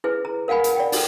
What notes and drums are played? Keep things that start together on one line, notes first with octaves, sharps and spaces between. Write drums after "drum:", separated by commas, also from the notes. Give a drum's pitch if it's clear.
E4 G#4 B4
A#5
A#4 F5 F#5 G#5 B5
drum: hi-hat
D5 G5
D#4 G4 A4, drum: open hi-hat